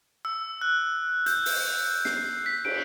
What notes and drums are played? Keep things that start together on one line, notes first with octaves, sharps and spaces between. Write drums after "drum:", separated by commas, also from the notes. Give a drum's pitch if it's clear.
E6
F#6
G6, drum: hi-hat
drum: open hi-hat
C7, drum: snare
B6
D7, drum: cymbal